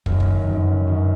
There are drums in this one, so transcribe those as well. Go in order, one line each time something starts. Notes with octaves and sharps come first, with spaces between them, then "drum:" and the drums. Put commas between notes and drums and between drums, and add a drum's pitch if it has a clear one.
F#2 D#3 A#4, drum: kick
drum: kick
D#3
F#2
F#2 D#3